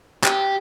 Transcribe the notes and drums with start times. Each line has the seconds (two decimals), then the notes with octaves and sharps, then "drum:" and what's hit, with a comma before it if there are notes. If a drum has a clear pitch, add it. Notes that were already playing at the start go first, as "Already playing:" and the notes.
0.24 G4, drum: clap